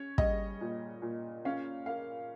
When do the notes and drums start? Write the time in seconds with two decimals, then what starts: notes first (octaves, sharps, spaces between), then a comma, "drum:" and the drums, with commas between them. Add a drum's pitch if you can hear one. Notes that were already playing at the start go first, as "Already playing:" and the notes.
Already playing: C#4 C#5
0.18 G3 D#5, drum: kick
0.61 A#2
1.02 A#2
1.45 C#4 F5
1.86 A#3 F5